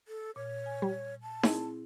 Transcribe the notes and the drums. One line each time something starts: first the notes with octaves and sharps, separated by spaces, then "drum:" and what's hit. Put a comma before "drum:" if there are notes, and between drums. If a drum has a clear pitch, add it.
A4
A#2 C#5
G#5
G3
A5
C4 E4 G#4, drum: snare D#4